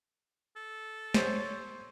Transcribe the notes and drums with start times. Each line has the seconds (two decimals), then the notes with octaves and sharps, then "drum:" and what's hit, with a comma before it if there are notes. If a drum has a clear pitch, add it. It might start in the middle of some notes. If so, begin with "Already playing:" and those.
0.56 A4
1.14 C5 C#5, drum: snare